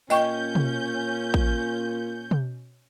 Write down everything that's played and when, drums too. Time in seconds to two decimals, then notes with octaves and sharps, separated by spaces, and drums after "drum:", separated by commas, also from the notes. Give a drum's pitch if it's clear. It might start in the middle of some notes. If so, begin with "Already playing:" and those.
0.10 A#2 C#4 D#5 G5 C#6 G6, drum: tambourine
0.55 drum: tom
1.34 drum: kick A1
2.31 drum: tom